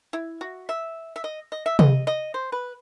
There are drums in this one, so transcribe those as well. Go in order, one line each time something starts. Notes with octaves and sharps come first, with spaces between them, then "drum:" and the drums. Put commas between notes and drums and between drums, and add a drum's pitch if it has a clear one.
E4
F#4
E5
E5
D#5
D#5
E5
D#5, drum: tom C3
D#5
C5
B4